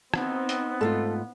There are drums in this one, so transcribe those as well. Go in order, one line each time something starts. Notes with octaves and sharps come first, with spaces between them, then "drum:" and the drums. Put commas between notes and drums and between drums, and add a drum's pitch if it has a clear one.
B3 C4 D#4, drum: rim click
drum: hi-hat
G#2 A3 F4 A4